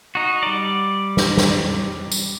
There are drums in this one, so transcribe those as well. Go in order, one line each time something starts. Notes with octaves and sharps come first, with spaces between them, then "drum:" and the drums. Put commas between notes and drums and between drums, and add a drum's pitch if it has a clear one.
D#4 F#4
G3 D5
drum: snare
drum: snare
drum: tambourine